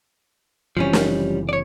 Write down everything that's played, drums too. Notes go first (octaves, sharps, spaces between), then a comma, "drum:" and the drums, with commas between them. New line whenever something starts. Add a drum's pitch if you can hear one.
F#1 C3 E3 F3 G3 C#4
drum: snare
C#5 D5